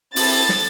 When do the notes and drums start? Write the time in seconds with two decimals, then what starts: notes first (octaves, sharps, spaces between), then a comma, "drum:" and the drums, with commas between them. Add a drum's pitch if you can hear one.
0.16 C4 E4 A4 A6, drum: open hi-hat
0.49 drum: snare